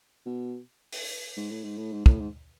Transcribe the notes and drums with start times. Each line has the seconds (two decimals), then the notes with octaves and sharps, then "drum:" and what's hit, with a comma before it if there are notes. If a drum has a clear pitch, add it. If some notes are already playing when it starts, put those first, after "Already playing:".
0.26 B2
0.92 drum: open hi-hat
1.37 G#2
1.51 A2
1.64 G#2
1.78 A2
1.92 G#2
2.06 A2, drum: kick
2.20 G#2